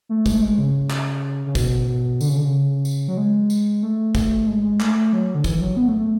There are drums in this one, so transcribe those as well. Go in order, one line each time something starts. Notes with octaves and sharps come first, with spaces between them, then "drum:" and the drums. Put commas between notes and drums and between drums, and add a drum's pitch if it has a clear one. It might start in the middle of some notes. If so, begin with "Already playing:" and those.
A3
G#3, drum: kick, tambourine
A3
G#3
C#3
drum: clap
C#3
B2, drum: kick, tambourine
B2
D3, drum: tambourine
C#3
D3
C#3
drum: tambourine
F#3
G#3
drum: tambourine
A3
A3, drum: kick, tambourine
G#3
G#3
A3, drum: clap
F#3
D3
E3, drum: kick, tambourine
F#3
B3
A3
A3